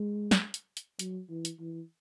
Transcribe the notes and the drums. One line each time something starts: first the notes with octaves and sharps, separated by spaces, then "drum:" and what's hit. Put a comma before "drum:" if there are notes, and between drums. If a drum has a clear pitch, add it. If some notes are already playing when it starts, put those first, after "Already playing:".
Already playing: G#3
drum: snare
drum: hi-hat
drum: hi-hat
F#3, drum: hi-hat
E3
drum: hi-hat
E3